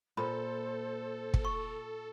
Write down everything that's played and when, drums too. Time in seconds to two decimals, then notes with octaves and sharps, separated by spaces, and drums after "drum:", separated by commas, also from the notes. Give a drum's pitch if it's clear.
0.17 A#2 A4 C5 B5
1.34 drum: kick
1.45 C#6